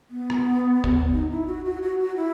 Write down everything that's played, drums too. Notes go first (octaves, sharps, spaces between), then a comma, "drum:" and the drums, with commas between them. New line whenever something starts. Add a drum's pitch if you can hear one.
B3
drum: rim click
drum: tom
D#4
E4
F#4
F#4
F#4
F#4
E4